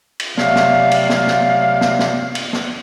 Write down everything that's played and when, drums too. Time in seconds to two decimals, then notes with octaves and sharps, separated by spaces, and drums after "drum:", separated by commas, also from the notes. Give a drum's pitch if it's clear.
0.20 drum: cymbal
0.38 C3 F#3 A3 D5 F5, drum: snare
0.56 drum: snare
0.91 drum: cymbal
1.09 drum: snare
1.27 drum: snare
1.81 drum: snare
1.99 drum: snare
2.35 drum: cymbal
2.53 drum: snare